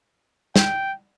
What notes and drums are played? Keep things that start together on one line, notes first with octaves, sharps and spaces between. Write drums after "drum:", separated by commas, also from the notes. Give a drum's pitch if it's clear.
G5, drum: snare